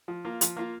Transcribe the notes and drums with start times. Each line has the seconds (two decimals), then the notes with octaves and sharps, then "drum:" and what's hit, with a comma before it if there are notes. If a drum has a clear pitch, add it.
0.08 F3
0.25 A#3 F4
0.41 F3, drum: hi-hat
0.57 A#3 F4